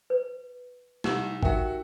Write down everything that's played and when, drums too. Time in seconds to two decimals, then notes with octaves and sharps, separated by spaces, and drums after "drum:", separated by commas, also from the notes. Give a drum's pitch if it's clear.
0.10 B4
1.04 C2 D#4 G4 C#6 E6, drum: snare A3
1.43 D#4 F#4 A#4 E5 G5, drum: kick